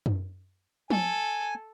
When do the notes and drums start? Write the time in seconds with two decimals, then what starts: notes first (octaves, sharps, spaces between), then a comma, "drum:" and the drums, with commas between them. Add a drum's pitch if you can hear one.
0.06 drum: tom F#2
0.90 A4 G#5, drum: tom F3